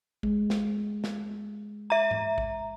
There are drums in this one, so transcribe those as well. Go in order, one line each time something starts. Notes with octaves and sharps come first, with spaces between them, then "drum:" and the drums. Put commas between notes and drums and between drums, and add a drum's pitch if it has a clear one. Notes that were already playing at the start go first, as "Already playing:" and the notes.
G#3, drum: kick A1
drum: snare
drum: snare
E5 A#5
drum: tom G#2
drum: kick A1